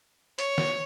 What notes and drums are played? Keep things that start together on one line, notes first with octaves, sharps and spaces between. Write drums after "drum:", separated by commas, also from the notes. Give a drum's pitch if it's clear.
C#5, drum: hi-hat
drum: snare